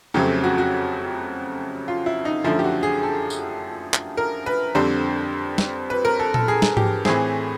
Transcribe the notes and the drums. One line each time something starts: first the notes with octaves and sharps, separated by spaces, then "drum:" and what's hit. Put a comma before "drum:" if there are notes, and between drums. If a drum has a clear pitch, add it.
F2 C#3 F#3 A3 C4 G4
F#4
F#4
F4
E4
D#4
F#2 D3 F3 A3 E4
G4
F#4
G#4
A4
drum: tambourine
drum: clap
A#4
B4
F2 D3 G3 C4 C5
drum: snare
B4
A#4
A4
A4, drum: tom A#2
G#4
drum: snare
G4, drum: tom G#2
A2 E3 A3 C4 G#4, drum: snare